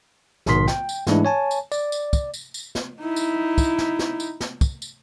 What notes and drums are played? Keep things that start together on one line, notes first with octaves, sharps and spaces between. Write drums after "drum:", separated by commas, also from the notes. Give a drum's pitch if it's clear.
A#1 G#2 B2 D#3 C6 B6, drum: snare
G5, drum: snare
drum: tambourine
G#2 E3 G#3 A3 D4 E4, drum: snare
C#5 G#5 A5
drum: tambourine
D5, drum: tambourine
drum: tambourine
drum: kick, tambourine
drum: tambourine
drum: tambourine
drum: snare
D#4 E4
drum: tambourine
drum: kick, tambourine
drum: snare
drum: snare
drum: tambourine
drum: snare
drum: kick, tambourine
drum: tambourine